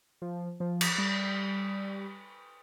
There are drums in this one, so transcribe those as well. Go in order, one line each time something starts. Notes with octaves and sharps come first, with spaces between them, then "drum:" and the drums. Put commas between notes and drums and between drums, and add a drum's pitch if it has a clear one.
F3
F3
drum: cymbal
G3